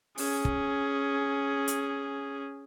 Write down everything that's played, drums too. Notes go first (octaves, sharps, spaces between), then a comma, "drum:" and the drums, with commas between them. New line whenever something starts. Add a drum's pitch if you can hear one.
C#4 G#4, drum: open hi-hat
drum: kick
drum: hi-hat